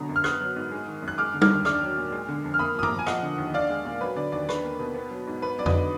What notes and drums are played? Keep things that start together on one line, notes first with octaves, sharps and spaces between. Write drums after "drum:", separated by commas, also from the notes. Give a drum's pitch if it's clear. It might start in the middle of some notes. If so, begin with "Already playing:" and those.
Already playing: B2 D3 F#3 A#5
F#2
F6
B3 D#6 F#6, drum: rim click
F#3
G#2
G#3
D#3
F#2
F#6
G#3 D6 F6
D3
D6 F6, drum: tom
D#2
D4 D6 F6, drum: rim click
F#3
A#2
G#3
D3
F2
F6
A#3 B5 D#6
F3 D#6
A#5 D6, drum: tom G2
A#2
G#5
F3 D#5 F#5, drum: rim click
D3
D#2
D4 D5 F5
G#3
A#2
F#3 B4
D3 D5
D#2 D5
D4 B4, drum: rim click
A#3
B2
B3
F#3
G#2
B3 B4
F#3 D5
B4 D#5, drum: tom F2
D3